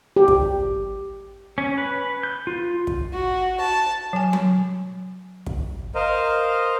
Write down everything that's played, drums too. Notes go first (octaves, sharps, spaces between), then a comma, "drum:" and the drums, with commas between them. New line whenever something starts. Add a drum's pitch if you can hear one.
G4
drum: kick
C#4
B4
G6
F4
drum: kick
F#4
A5
F#3 G#5
drum: tom F#3
drum: kick
A#4 C5 D#5 F5